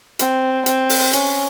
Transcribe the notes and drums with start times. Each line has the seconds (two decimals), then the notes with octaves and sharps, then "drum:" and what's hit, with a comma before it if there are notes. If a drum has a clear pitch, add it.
0.19 C4, drum: hi-hat
0.66 C4, drum: hi-hat
0.89 drum: open hi-hat
1.13 C#4, drum: hi-hat